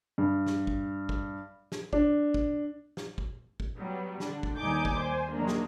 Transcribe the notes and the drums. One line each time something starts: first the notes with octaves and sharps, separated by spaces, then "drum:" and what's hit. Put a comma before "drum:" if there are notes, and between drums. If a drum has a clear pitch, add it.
G2
drum: snare
drum: kick
drum: kick
drum: snare
D4, drum: kick
drum: kick
drum: snare
drum: kick
drum: kick
F#3 G3 B3
D3 D4, drum: snare
drum: kick
D#2 G3 D#4 G#5 D6 G6
drum: kick
C5 G#5
D#3 F#3 G#3 A#3 D4
drum: snare